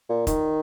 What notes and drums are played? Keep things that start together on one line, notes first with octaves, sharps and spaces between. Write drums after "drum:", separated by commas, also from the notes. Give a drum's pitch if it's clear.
A#2
D#3, drum: kick, hi-hat